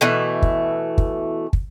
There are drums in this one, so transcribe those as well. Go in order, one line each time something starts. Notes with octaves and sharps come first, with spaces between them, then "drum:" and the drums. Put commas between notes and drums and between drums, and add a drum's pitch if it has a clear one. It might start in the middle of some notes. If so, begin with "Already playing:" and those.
B2 E3 A3
drum: kick
drum: kick
drum: kick